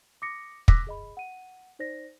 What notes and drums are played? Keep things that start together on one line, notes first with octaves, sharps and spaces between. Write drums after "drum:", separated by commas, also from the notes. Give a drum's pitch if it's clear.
D6 D#6 A#6 C#7
D6 E6 F#6 A#6 B6, drum: kick
G#4 D#5 B5
F#5 D#7
D#4 C5 D5 A#6